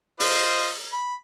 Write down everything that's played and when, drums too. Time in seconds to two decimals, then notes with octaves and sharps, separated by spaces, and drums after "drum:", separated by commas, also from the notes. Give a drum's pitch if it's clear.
0.20 F4 C5 D#5, drum: open hi-hat
0.93 B5